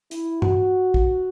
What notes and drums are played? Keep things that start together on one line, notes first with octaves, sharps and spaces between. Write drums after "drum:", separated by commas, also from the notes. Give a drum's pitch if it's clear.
E4, drum: hi-hat
F#4, drum: tom G2
drum: kick